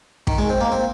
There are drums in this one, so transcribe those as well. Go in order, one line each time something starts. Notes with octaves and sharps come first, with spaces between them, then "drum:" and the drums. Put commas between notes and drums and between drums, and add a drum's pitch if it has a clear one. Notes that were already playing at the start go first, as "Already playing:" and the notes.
D#3, drum: kick
G#3
C4
A#3
C4